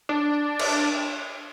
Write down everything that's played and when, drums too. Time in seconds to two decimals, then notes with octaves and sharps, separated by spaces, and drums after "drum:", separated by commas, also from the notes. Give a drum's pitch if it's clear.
0.09 D4
0.59 drum: cymbal